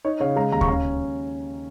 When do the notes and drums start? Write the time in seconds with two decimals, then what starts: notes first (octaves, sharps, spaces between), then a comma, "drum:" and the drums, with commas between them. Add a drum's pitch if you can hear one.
0.05 D#4 C#5
0.20 C#3 C#5 F5
0.36 G#3 F5 A#5
0.52 D#2 F5 A#5
0.61 C#6, drum: kick D2
0.68 C#4 F5 A#5